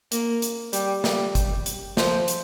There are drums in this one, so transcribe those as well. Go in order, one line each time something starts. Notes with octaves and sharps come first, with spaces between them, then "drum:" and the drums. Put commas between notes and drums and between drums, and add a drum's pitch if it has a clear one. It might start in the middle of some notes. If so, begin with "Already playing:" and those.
A#3, drum: hi-hat
drum: hi-hat
G3, drum: hi-hat
G3, drum: snare
G3, drum: kick, hi-hat
drum: hi-hat
F3, drum: snare
drum: hi-hat